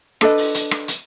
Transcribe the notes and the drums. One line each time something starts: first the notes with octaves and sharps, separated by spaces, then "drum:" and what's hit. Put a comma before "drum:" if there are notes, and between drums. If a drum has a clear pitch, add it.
D4 A4 B4 D#5, drum: rim click
drum: open hi-hat
drum: hi-hat
drum: rim click
drum: hi-hat